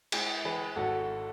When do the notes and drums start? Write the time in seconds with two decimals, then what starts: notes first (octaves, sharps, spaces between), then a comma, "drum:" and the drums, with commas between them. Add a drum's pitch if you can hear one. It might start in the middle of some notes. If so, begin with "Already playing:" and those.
0.12 G#3 E4 G#4, drum: cymbal
0.45 E3 G#4 B4
0.76 G#1 F#4 A4